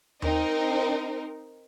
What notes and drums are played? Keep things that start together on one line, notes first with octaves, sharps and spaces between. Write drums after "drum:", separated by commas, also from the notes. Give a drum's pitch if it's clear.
C4 D#4 A#4, drum: tom D#2